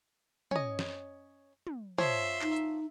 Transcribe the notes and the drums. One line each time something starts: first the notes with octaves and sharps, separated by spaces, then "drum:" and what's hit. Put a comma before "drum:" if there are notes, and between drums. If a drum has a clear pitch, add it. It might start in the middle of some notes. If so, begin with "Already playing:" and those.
C#4 D#5, drum: tom
drum: snare
drum: tom
F3 C#5 E5 C6, drum: tom
D#4, drum: clap
drum: hi-hat